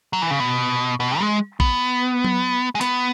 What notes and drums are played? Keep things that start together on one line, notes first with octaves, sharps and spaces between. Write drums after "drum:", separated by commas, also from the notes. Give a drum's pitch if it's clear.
F#3
E3
C#3
B2
B2
G#3
B3, drum: kick A1
drum: tom F#3
G#3
B3, drum: hi-hat